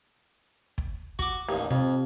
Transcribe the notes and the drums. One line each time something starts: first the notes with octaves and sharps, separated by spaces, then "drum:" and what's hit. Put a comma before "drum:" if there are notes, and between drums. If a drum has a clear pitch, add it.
drum: kick
F#4 D6, drum: kick
A1 D#2
F2 C3